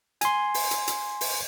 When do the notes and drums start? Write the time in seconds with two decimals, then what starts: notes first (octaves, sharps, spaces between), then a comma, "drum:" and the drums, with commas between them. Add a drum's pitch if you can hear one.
0.21 G#5 C6, drum: hi-hat
0.54 drum: open hi-hat
0.71 drum: hi-hat
0.88 drum: hi-hat
1.21 drum: open hi-hat